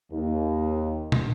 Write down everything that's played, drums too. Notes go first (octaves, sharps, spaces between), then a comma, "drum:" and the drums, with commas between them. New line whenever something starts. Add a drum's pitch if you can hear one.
D#2
drum: tom